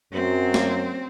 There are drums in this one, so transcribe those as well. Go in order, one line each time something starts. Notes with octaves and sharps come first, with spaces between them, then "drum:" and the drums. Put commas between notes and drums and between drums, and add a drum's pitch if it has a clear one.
F#2 F#3 C4
drum: snare